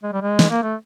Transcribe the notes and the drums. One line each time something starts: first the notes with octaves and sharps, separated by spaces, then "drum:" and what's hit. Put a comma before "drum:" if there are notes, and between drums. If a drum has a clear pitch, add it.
G#3
G3
G#3
drum: snare
A#3
A3